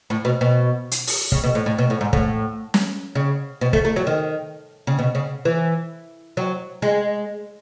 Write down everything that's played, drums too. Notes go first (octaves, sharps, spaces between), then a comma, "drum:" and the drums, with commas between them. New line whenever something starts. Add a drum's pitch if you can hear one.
A2
B2
B2
drum: hi-hat
drum: open hi-hat
C#3, drum: kick
B2
A2
A2
B2
A2
G#2
A2, drum: kick
drum: snare
C#3
B2
A3, drum: kick
A3
F#3
D#3
C#3
B2
C#3
E3
F#3
G#3